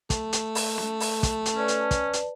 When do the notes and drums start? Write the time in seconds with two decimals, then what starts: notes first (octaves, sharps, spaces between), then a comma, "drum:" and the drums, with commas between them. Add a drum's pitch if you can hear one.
0.10 A3, drum: kick, hi-hat
0.33 drum: hi-hat
0.55 drum: open hi-hat
0.78 drum: snare
1.00 drum: open hi-hat
1.23 drum: kick, hi-hat
1.46 drum: hi-hat
1.56 C#4 B4 D5 A5
1.68 drum: hi-hat
1.91 drum: kick, hi-hat
2.13 drum: hi-hat